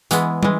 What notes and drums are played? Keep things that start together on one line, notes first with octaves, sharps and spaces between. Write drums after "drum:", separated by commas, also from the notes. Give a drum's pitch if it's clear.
E3 G#3 B3, drum: hi-hat
E3 G#3, drum: tom